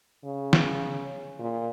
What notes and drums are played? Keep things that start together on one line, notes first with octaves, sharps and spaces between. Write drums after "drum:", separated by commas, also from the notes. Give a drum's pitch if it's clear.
C#3
drum: snare
A#2